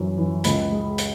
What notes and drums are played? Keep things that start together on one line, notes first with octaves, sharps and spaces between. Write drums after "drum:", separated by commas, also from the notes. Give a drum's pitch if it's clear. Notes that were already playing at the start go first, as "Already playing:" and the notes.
Already playing: F#2 E3
E3
C#2 B5, drum: hi-hat
G#3
drum: hi-hat